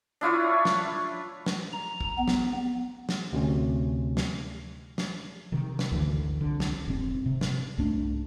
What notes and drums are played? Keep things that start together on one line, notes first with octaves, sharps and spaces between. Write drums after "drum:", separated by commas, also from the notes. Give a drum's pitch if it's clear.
D4 E4 F4 C#5
drum: snare
drum: snare
A#5
drum: kick
B3
drum: snare
drum: snare
D2 C3 C#4
drum: snare
drum: snare
C3 D#3
drum: snare
G#1 D2 D3 E3
C2 D3
drum: snare
E1 G#2 C4
C3
drum: snare
C2 G#2 A3 D4